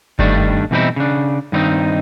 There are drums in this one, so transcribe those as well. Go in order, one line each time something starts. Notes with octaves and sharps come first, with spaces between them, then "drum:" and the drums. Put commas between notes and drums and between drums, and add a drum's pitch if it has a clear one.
G2 D#3 G3 A3 D4, drum: kick F#1
B2 E3 G3 C4 D#4 E4
C#3 D4
G2 D#3 B3 C4 D#4